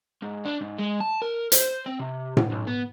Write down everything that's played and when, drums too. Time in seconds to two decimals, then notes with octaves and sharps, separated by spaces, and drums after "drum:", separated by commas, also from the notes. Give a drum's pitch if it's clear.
0.23 G#2
0.46 D4
0.61 G#2
0.79 G#3
1.01 A5
1.22 A#4
1.52 C5, drum: hi-hat
1.86 C4
1.99 C3
2.37 drum: tom A2
2.52 B1
2.68 B3